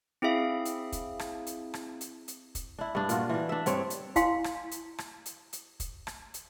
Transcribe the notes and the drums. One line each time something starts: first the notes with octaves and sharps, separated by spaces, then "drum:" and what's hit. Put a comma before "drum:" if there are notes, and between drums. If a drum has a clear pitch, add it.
C4 E4 G#4 E5 F5
drum: hi-hat
drum: kick, hi-hat
drum: rim click
drum: hi-hat
drum: rim click
drum: hi-hat
drum: hi-hat
drum: kick, hi-hat
D4 E4
G2 D4
A#2 F4 F#4, drum: hi-hat
E3 D4
D4 E5
G2 C4 C#5, drum: hi-hat
drum: hi-hat
E4 F5 G#5 C6, drum: kick, hi-hat
drum: rim click
drum: hi-hat
drum: rim click
drum: hi-hat
drum: hi-hat
drum: kick, hi-hat
drum: rim click
drum: hi-hat